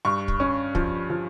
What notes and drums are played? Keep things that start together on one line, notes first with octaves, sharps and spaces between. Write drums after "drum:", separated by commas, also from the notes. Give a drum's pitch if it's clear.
G2 C#6
drum: kick
C#4
F3, drum: kick
F3